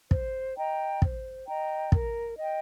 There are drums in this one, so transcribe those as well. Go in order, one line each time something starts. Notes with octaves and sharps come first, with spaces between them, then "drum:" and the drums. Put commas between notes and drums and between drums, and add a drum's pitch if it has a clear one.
C5, drum: kick
D#5 G5 A#5
C5, drum: kick
D#5 G5 A#5
A#4, drum: kick
D#5 G5